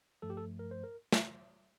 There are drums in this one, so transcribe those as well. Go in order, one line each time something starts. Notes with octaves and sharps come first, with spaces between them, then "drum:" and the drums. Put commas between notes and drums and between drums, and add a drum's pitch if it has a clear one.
G2 F3 A3 A4
G4
A4
A#4
C5
A#4
drum: snare